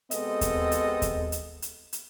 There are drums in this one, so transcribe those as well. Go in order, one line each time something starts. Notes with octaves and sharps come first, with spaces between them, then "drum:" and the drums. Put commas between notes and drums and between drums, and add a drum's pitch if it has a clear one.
C3 G#3 B3 C4 A4 D#5, drum: hi-hat
drum: kick D#2, hi-hat
drum: hi-hat
drum: kick D#2, hi-hat
drum: hi-hat
drum: hi-hat
drum: hi-hat